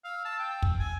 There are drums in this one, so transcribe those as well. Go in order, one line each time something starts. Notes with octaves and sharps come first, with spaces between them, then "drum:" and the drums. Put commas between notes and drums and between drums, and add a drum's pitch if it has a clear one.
F5 E6
A5
G5
drum: kick
G#5